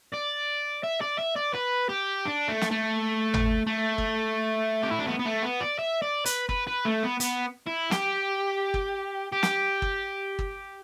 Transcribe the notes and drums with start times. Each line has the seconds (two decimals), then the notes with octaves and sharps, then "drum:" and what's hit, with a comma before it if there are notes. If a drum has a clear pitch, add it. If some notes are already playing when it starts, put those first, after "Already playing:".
0.13 D5
0.83 E5
1.01 D5
1.18 E5
1.36 D5
1.55 B4
1.89 G4
2.25 D4
2.48 A3
2.61 drum: snare
2.71 A3
3.34 drum: tom G#1
3.67 A3
3.98 drum: kick
4.83 G4
4.91 E4
4.99 D4
5.07 B3
5.19 B3
5.25 A3
5.43 B3
5.61 D5
5.79 E5
6.02 D5
6.25 B4, drum: hi-hat
6.49 B4, drum: kick
6.67 B4
6.85 A3
7.03 B3
7.20 B3, drum: hi-hat
7.67 E4
7.91 G4, drum: snare
8.74 drum: kick
9.33 G4
9.43 drum: snare
9.82 drum: kick
10.39 drum: kick